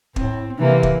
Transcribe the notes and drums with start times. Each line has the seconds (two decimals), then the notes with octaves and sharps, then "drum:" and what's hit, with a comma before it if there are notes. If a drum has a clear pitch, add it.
0.16 A2 C4, drum: kick
0.58 C3 E3 A#3
0.83 drum: kick